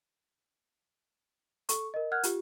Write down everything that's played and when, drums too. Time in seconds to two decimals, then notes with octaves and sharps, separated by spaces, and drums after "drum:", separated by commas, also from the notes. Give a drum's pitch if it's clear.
1.69 A4 C#6, drum: hi-hat
1.94 A#4 D#5
2.11 A#4 F#5 F6 F#6 G#6
2.23 F4 G4, drum: hi-hat